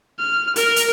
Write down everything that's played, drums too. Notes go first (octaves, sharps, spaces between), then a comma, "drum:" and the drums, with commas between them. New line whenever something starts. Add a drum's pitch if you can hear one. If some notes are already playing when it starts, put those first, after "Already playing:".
F6
A#4, drum: hi-hat
drum: hi-hat